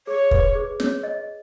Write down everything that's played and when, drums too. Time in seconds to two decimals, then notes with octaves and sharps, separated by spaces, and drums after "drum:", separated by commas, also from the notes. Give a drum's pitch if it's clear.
0.07 G#4 C#5
0.31 B4, drum: kick
0.55 G#4
0.80 C#5, drum: snare
1.03 D#5